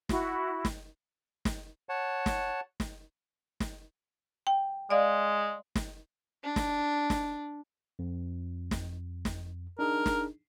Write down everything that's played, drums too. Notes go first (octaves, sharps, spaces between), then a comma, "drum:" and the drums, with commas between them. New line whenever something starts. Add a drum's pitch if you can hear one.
E4 F#4, drum: snare
drum: snare
drum: snare
C#5 F#5 A5
drum: snare
drum: snare
drum: snare
G5
G#3 D5 D#5 F5
drum: snare
D4
drum: snare
drum: snare
F2
drum: snare
drum: snare
D4 D#4 G#4 A#4
drum: snare